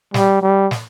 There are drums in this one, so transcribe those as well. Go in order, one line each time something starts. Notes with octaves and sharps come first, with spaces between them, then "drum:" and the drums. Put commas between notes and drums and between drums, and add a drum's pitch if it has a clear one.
G3, drum: snare
G3
drum: snare